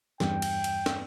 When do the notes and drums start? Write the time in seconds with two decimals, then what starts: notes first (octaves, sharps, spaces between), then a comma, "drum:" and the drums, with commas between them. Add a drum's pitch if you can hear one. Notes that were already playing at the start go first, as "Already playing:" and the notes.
0.20 E2 G2 G5, drum: snare
0.42 drum: cymbal
0.64 drum: cymbal
0.86 drum: snare